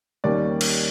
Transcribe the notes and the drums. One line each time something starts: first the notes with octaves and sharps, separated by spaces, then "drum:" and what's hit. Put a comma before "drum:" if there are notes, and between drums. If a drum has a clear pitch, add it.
D#2 D#3 G3 A#3 C#4 D5
drum: cymbal